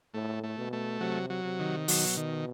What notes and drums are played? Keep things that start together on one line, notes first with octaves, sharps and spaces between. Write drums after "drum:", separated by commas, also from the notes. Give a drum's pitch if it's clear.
A2 A3
A3
B2
A3
C3 F#3
F#3
C3
D#3
B2 F#3, drum: open hi-hat
D#3